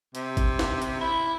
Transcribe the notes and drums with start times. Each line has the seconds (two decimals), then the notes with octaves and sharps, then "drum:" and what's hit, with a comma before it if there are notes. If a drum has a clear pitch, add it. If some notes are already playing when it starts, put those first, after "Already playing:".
0.15 C3, drum: hi-hat
0.37 drum: kick G#1, hi-hat
0.59 drum: snare
0.82 drum: hi-hat
1.01 E4